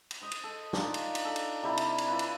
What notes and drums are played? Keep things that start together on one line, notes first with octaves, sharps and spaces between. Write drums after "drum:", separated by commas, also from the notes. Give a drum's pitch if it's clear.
drum: cymbal
C5 D#5
drum: cymbal
A4
D4 D#4 F4, drum: snare
drum: cymbal
drum: cymbal
A4
drum: cymbal
C3 G3 E4
drum: cymbal
drum: cymbal
E4 F4 B4
drum: cymbal